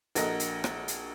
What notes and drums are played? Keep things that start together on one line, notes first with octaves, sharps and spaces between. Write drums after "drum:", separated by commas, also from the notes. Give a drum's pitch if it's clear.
A#1 F#4 A4 A#4 D#5 A#6, drum: hi-hat
drum: hi-hat
drum: rim click
drum: hi-hat